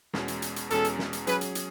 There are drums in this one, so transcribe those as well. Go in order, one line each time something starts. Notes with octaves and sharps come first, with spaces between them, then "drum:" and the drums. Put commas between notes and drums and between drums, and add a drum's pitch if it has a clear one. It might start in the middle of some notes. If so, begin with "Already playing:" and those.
E2 B2 G#3 C#4, drum: snare
drum: hi-hat
drum: hi-hat
drum: hi-hat
E2 B2 G#3 C#4 A4, drum: hi-hat
drum: hi-hat
drum: snare
drum: hi-hat
F#3 C#4 G#4 B4, drum: hi-hat
drum: hi-hat
drum: hi-hat